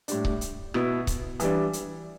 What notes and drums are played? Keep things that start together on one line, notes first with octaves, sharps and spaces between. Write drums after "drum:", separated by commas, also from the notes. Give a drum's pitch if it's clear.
A2 G3 D4, drum: hi-hat
drum: kick C#1
drum: hi-hat
B2 B3 E4, drum: rim click
drum: kick C#1, hi-hat
E3 G3 D4, drum: hi-hat
drum: hi-hat